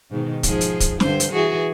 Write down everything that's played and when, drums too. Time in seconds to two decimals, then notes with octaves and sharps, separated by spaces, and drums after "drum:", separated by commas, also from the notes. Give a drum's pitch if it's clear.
0.11 G#2 B2 D#3
0.43 G#2 F3 G#4, drum: kick, hi-hat
0.61 drum: hi-hat
0.80 drum: kick, hi-hat
1.00 G2 D3 C5, drum: snare
1.20 drum: hi-hat
1.32 E3 F#4 G#4